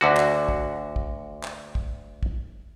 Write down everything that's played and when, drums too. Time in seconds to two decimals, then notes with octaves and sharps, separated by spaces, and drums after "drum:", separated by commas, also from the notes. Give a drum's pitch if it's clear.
0.01 D2 D3 F#4
0.17 drum: clap
0.49 drum: kick
0.96 drum: kick
1.43 drum: clap
1.75 drum: kick
2.23 drum: kick